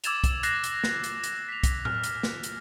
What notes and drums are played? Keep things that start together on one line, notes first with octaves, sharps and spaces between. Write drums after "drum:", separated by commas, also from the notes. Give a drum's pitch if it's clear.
D6 E6 G#6 A6 E7 F7, drum: hi-hat
drum: kick, hi-hat
F#6 A6 A#6 C7 E7, drum: hi-hat
drum: hi-hat
drum: snare
drum: hi-hat
drum: hi-hat
B6 F7
drum: kick, hi-hat
F6, drum: tom A2
drum: hi-hat
drum: snare
drum: hi-hat